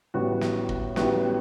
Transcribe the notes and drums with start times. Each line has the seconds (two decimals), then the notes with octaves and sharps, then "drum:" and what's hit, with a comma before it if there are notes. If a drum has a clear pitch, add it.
0.14 A1 A2 G3 B3 F#4
0.41 drum: snare
0.69 drum: kick
0.96 A1 A2 G3 B3 F#4, drum: snare